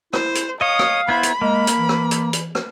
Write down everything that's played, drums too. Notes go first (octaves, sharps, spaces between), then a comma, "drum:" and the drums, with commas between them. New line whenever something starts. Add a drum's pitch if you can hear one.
E4 C5, drum: rim click
drum: hi-hat
C#5 D#5 F5 D#6
drum: rim click
B3 E4 C5 B5
drum: hi-hat
G#3 A#3
drum: hi-hat
E3
drum: rim click
drum: hi-hat
drum: hi-hat
drum: rim click